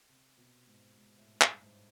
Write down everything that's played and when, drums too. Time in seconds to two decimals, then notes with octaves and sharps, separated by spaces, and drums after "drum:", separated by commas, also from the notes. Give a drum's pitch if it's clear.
0.09 C3
0.38 B2
0.67 G#2
0.97 G#2
1.18 A2
1.41 G2, drum: clap
1.63 G#2